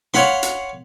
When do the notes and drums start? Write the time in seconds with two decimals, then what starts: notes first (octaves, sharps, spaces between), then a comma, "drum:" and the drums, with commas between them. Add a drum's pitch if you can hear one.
0.14 C#5 F5 F#5 B5 C6, drum: snare
0.43 drum: hi-hat